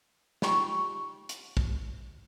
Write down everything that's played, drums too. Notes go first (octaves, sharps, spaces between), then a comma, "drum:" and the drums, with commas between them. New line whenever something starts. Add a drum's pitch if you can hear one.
D#4 F4 G4 G5 C#6, drum: snare
drum: hi-hat
drum: kick